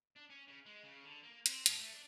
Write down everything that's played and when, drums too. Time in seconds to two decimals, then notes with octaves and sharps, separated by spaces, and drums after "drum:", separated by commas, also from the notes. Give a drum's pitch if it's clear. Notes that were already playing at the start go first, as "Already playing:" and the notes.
0.16 D4
0.30 C#4
0.47 C#3
0.66 G#3
0.83 C#3
1.04 D3
1.23 A#3
1.46 C4, drum: hi-hat
1.66 A2, drum: hi-hat
1.79 A3
1.93 D4